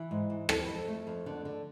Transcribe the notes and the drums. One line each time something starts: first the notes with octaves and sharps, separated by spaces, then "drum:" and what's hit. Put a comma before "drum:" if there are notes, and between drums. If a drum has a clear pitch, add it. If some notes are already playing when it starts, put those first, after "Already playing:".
Already playing: E3
G#2
E3
F2 A4, drum: rim click
B4
F2
A4
A3
F2
D3 B3
D3